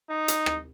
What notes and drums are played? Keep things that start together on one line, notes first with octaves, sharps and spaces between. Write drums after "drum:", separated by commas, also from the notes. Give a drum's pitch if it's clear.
D#4
drum: hi-hat
drum: rim click